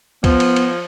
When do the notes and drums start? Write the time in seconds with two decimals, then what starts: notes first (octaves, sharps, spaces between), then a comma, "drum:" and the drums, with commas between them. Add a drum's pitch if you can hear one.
0.24 F3 B3, drum: kick C#2, cymbal
0.40 drum: cymbal
0.56 drum: cymbal